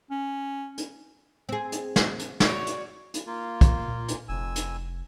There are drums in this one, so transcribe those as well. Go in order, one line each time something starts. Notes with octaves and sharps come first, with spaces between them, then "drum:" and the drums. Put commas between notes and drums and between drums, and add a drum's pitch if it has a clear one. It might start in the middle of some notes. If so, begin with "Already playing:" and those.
C#4
drum: hi-hat
C4 G#4
drum: hi-hat
drum: snare
drum: hi-hat
F#4 C#5 D5, drum: snare
drum: hi-hat
drum: hi-hat
A#3 F4
drum: kick, hi-hat
A#2
drum: hi-hat
F1 F2 G#5 E6
drum: hi-hat